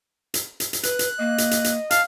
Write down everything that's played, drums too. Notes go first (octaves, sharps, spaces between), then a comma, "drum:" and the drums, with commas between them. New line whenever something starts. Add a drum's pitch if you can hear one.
drum: hi-hat
drum: hi-hat
drum: hi-hat
B4 F#6, drum: hi-hat
drum: hi-hat
A#3 D#5
drum: hi-hat
drum: hi-hat
drum: hi-hat
F5 A5, drum: hi-hat